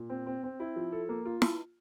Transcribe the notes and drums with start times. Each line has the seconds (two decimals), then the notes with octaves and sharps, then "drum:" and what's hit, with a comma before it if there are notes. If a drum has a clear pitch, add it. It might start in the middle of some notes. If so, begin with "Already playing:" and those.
Already playing: A#2
0.10 C4
0.26 C4
0.43 C4
0.60 E4
0.76 F3
0.92 A4
1.09 A#3
1.25 F4
1.42 drum: snare